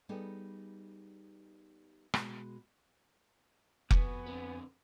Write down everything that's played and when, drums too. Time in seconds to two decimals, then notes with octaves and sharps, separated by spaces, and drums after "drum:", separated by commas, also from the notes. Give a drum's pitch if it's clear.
0.09 G3 B3 D#4 G#4 A4
2.14 B2 G#3, drum: rim click
3.91 F2 B3 F#4 G#5, drum: kick F1
4.26 D3 C4 B4